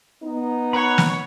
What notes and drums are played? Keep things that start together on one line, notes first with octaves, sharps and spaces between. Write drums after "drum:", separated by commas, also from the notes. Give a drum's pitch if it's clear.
B3 D#4
C#5 F#5 B5
drum: snare